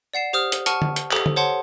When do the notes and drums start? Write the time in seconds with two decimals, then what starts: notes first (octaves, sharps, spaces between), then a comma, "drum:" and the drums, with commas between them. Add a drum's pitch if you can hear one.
0.14 D5 F#5 C7 E7
0.33 G4 C5 D#6 F6
0.52 drum: hi-hat
0.66 F#5 A5 C#6 F6 D#7, drum: hi-hat
0.82 drum: tom
0.96 drum: hi-hat
1.11 G4 A4 C5 D#6 F#7, drum: clap
1.26 drum: tom
1.36 C5 C#5 F#5 A5 C6